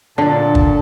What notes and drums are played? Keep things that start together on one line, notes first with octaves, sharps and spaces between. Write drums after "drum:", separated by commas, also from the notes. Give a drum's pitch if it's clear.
A#2 D3 D4 A4 D5
drum: kick